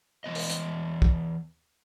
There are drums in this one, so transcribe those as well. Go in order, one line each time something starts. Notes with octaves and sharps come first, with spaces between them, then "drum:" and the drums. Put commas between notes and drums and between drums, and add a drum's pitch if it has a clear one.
E3 B3 D#5
drum: open hi-hat
drum: hi-hat
drum: kick